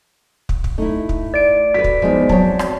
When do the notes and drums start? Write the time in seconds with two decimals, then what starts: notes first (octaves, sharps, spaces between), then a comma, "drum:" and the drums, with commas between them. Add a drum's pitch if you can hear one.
0.49 drum: kick
0.64 drum: kick
0.78 A3 D#4 E4
1.09 drum: kick
1.34 D5 D7
1.74 F#4 A4 B4 B6
1.84 drum: kick
2.02 E2 F3 G#3 D#4 C5
2.29 F#3 C4 C#5 A5, drum: kick
2.59 drum: rim click